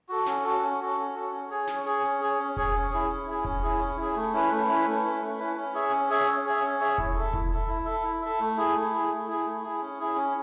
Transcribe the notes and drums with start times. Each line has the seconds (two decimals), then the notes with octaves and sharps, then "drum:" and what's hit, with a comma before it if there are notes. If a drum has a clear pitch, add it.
0.09 F#4 A4
0.26 C#4, drum: snare
0.44 F#4 A4
0.62 C#4
0.79 F#4 A4
0.97 C#4
1.15 F#4 A4
1.32 C#4
1.50 G#4 C#5
1.67 C#4, drum: snare
1.85 G#4 C#5
2.03 C#4
2.21 G#4 C#5
2.39 C#4
2.57 G#4 C#5, drum: kick E1
2.74 C#4
2.91 E4 G#4
3.09 C#4
3.27 E4 G#4
3.45 C#4, drum: kick E1
3.63 E4 G#4
3.79 C#4
3.97 E4 G#4
4.15 A3
4.33 C#4 E4 B4
4.50 A3
4.68 C#4 E4 B4
4.86 A3
5.03 C#4 E4 B4
5.22 A3
5.39 C#4 E4 B4
5.56 C#4
5.74 G#4 C#5 E5
5.91 C#4
6.10 G#4 C#5 E5
6.27 C#4, drum: hi-hat
6.45 G#4 C#5 E5
6.63 C#4
6.80 G#4 C#5 E5
6.98 E4, drum: kick E1
7.16 A4 E5
7.34 E4, drum: kick E1
7.52 A4 E5
7.68 E4
7.86 A4 E5
8.04 E4
8.22 A4 E5
8.40 A3
8.57 E4 G#4
8.75 A3
8.92 E4 G#4
9.10 A3
9.28 E4 G#4
9.45 A3
9.63 E4 G#4
9.81 C#4
9.99 E4 G#4
10.16 C#4